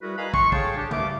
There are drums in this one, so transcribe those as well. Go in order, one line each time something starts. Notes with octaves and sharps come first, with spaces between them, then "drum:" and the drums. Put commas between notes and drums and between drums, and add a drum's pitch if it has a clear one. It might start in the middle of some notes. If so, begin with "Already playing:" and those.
G3 E4 F#4 G#4 A#4 B4
B4 D#5 F5 G#5 A#5 B5
C6 C#6, drum: kick
G#4 A4 C#5 F5 G5 A5, drum: kick
D4 G4
C2 G2 A3 G4 F5 D6, drum: tom C#3